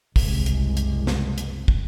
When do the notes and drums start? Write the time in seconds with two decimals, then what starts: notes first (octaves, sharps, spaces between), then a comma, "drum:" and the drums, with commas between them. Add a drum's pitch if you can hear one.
0.16 F#1 C2 G#3, drum: kick, open hi-hat
0.46 drum: hi-hat
0.77 drum: hi-hat
1.07 drum: snare
1.38 drum: hi-hat
1.68 drum: kick